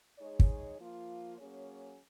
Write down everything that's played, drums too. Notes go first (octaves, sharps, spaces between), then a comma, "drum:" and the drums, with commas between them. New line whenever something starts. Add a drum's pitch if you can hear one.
G#3 D#4 G#4 C#5
drum: kick
F3 A#3 F4
F#3 A#3 C#4 G#4 C#5